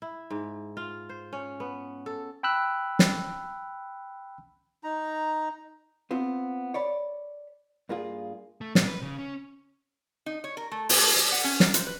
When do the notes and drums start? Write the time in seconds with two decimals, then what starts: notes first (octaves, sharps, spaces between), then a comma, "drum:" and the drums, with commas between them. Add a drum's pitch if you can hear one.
0.02 E4
0.30 G#2
0.77 F4
1.09 C5
1.33 C#4
1.60 B3
2.06 A4
2.43 G5 B5 E6 F#6
2.99 drum: snare
4.84 D#4 A#5
6.11 B3 C4 F4
6.74 C#5 D5 B5
7.89 G2 A#3 F4 G#4
8.61 A3
8.75 A#2, drum: snare
8.87 B4
9.03 C#3
9.19 C#4
10.26 D#4
10.44 C#5
10.57 A#4
10.71 A3
10.89 A#2, drum: open hi-hat
11.02 A3
11.16 G3
11.32 F#5
11.44 C#4
11.60 A#4, drum: snare
11.74 C5, drum: hi-hat
11.87 B4